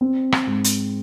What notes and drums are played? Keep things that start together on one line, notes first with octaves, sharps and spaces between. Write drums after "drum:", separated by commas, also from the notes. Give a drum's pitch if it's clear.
C4
drum: rim click
G#2
drum: hi-hat